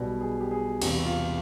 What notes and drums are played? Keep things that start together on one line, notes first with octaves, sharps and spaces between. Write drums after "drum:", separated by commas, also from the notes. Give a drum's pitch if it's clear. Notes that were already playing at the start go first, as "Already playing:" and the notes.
Already playing: B1 B2 G3
G#4
G4
G#4
E1 E2 C3 G4, drum: cymbal
F4